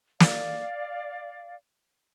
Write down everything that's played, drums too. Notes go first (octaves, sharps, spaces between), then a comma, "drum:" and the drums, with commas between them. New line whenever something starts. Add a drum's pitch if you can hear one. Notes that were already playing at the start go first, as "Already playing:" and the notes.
D5 F5, drum: snare